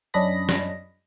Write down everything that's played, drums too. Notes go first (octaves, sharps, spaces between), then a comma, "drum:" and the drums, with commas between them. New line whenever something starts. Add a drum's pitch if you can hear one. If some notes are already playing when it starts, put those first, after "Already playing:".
F#2 C#4 D4 D#5 B5 A#6
drum: snare